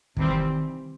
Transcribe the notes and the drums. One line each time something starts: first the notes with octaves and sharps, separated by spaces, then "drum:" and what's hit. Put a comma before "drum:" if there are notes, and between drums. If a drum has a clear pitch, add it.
C3 D#3 E3 G3 C4, drum: kick